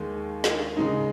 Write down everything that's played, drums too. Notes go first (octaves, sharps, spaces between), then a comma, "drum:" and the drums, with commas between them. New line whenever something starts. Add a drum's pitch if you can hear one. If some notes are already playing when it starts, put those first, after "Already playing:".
Already playing: D#2 D#3 G#3
drum: snare
C#3 G#3 D#4